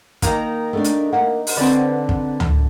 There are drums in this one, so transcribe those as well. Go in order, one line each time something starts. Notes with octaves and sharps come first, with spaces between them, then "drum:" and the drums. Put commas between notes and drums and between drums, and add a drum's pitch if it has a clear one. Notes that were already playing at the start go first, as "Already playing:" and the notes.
D#3 A#3 D#4 A#5, drum: kick, hi-hat
A3 D4
drum: hi-hat
A#3 F#5
drum: open hi-hat
D3 C4 B4
drum: kick
drum: tom C#2